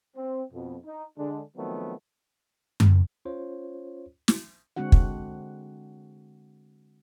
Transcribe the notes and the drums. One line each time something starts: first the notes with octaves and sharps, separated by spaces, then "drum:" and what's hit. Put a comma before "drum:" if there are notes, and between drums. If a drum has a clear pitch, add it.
C4
F2 B2
D#4
D3 G#3 D4
D#3 F3 F#3 A3 B3 C4
drum: tom F#2
C#4 F4 C5 C#5
drum: snare
D3 G#3 C4 D4 F#4 F#5
drum: kick